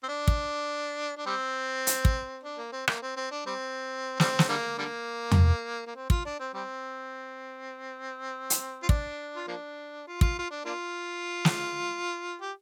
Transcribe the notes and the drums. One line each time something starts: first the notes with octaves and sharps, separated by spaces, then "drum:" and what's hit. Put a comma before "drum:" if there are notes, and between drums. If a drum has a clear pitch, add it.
C4
D4
drum: kick
D4
G3 C4
drum: hi-hat
drum: kick
D4
A#3
C4
A#3, drum: rim click
C4
C4
D4
G3 C4
G3 C4, drum: snare
drum: snare
D3 G3 A#3
D3 G3 A#3
drum: tom E2
A#3
C4
F4, drum: kick
D4
C4
G3 C4
drum: hi-hat
F4
D4, drum: kick
F4
F3 A#3 D4
F4
F4, drum: kick
F4
D4
A#3 D4 F4
drum: snare
G4